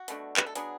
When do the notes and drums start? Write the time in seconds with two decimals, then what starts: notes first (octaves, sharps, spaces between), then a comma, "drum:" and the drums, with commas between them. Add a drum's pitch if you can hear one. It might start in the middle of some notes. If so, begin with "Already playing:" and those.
Already playing: F#4
0.08 B2 A3 D4, drum: hi-hat
0.37 B4, drum: clap
0.46 A4
0.55 F#3 B3 D4 G#4, drum: hi-hat